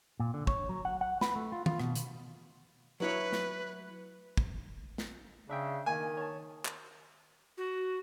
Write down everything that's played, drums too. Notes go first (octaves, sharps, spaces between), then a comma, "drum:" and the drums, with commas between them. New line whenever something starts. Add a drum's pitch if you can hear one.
A#2
D3
C#5, drum: kick
F#3
F#5
F#5
B4, drum: snare
A3
F4
F4, drum: tom
B2, drum: rim click
drum: hi-hat
F#3 E4 B4 C#5
drum: snare
drum: kick
drum: snare
C#3 D4 E5 G5
D#3 A#3 G#5
C#5 A5
drum: clap
F#4